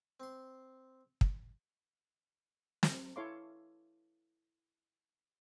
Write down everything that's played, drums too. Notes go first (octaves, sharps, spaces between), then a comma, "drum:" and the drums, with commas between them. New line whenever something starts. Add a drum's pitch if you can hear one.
C4 C6
drum: kick
drum: snare
E4 A4 C#5 F5 C6 D6